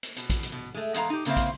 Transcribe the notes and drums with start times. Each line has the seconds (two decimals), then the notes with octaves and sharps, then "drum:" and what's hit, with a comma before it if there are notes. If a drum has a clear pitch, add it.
0.03 drum: hi-hat
0.17 B2, drum: hi-hat
0.30 drum: kick, hi-hat
0.43 drum: hi-hat
0.52 B2
0.74 G#3 A3
0.94 E2 G#3 F5 A#5, drum: hi-hat
1.10 D#4 G4
1.25 A#2 C#3 A#3 C4 E5 F5, drum: hi-hat
1.37 drum: kick, hi-hat